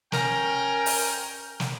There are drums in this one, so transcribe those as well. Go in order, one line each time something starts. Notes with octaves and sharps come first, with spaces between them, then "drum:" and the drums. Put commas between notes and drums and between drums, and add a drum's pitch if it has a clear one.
C#4 A#4 G5, drum: snare
drum: open hi-hat
drum: snare